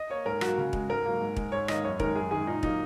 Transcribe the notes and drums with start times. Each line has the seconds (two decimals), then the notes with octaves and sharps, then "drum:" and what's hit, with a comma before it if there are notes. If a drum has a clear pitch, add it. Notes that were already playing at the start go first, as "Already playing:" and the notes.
Already playing: D#5
0.10 A#3 C#5
0.26 G#2 A#4
0.41 F#3 A#3 F#4, drum: rim click
0.58 C#3
0.73 G#3, drum: kick
0.89 G#2 A#4
1.05 F#3 A#3
1.20 G#2
1.36 G#3, drum: kick
1.52 G#2 C#5
1.68 D#3 A#3 D#5, drum: rim click
1.84 F#2 C#5
2.00 D#3 G#3 A#4, drum: kick
2.15 F#2 G#4
2.31 D#3 G#3 G#4
2.47 A#2 D#4
2.63 F#3 A#3 D#4, drum: kick